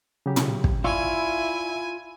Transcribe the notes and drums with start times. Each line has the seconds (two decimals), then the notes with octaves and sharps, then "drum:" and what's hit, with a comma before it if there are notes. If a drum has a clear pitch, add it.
0.26 C#3 F#3 G4
0.36 drum: tom
0.64 drum: kick
0.84 E4 F4 D5 G#5 C#6 E6